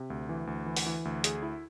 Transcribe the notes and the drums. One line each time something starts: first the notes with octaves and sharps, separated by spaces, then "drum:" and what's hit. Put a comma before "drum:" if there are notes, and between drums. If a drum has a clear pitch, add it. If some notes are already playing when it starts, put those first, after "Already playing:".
Already playing: C3
D2
E3
D2
E3
drum: open hi-hat
E3
D2
G#4, drum: hi-hat
E4